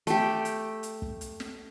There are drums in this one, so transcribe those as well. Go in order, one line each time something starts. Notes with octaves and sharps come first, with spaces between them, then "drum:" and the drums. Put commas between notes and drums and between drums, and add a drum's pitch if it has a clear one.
A3 G4, drum: hi-hat
drum: hi-hat
drum: hi-hat
drum: kick
drum: hi-hat
drum: snare